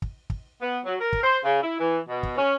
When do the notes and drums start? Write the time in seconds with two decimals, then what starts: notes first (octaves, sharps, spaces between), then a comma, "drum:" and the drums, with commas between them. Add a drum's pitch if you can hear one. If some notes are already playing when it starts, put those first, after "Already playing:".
0.02 drum: kick
0.30 drum: kick
0.60 B3
0.85 F#3
1.01 A#4
1.13 drum: kick
1.23 C5
1.43 C#3
1.62 E4
1.80 E3
2.08 B2
2.23 drum: kick
2.38 C#4